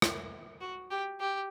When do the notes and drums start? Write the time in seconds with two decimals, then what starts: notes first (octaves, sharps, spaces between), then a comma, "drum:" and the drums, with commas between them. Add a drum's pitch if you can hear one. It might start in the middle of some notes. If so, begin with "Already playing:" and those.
0.02 drum: rim click
0.61 F#4
0.91 G4
1.20 G4